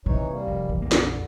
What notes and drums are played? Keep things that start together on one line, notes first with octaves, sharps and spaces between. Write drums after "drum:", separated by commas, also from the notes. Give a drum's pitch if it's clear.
C3 E3 D#4 C#5
G3 A#3
F1
E3
A#1 F2 D3 A#3
drum: snare